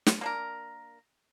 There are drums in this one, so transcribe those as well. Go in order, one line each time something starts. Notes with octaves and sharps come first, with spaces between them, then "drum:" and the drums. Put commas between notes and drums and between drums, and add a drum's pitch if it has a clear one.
drum: snare
A#3 D4 A#4